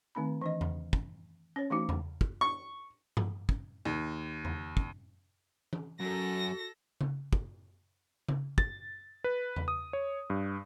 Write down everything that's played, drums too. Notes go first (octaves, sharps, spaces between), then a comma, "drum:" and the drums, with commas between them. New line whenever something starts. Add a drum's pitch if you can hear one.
D#3 A3 C4 D#4 B5
E3 D4 D#5
drum: tom E2
drum: kick
C#4 C#5
E3 A3 D4 D#4 F#4
drum: tom E2
drum: kick
C#6
drum: tom G2
drum: kick
D#2
drum: tom E2
drum: kick
drum: tom
F#2 F#4 A4 A#6
drum: tom C#3
drum: kick
drum: tom C#3
A6, drum: kick
B4
drum: tom E2
D#6
C#5
G2